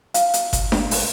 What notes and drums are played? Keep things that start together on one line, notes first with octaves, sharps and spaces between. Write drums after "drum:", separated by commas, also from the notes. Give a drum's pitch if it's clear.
F5, drum: hi-hat
drum: hi-hat
drum: kick G1, hi-hat
drum: snare D4
drum: open hi-hat